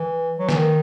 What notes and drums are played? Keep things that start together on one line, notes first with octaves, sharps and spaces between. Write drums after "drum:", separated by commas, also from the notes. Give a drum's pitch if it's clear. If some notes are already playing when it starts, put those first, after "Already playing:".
Already playing: E3
F#3
E3, drum: snare
D#3